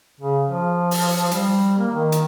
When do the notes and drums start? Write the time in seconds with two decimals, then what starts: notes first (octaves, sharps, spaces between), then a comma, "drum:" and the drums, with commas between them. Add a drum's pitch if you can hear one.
0.20 C#3
0.47 F3
0.91 drum: open hi-hat
1.31 G3, drum: hi-hat
1.78 A#3
1.92 D#3
2.12 drum: hi-hat